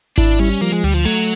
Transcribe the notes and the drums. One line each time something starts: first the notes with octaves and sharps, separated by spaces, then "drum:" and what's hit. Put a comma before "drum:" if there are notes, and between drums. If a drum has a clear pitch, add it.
D4 E4, drum: kick G#1
G3 C#4
F3 A#3
G#3
D2 G3
F3
F#3 A3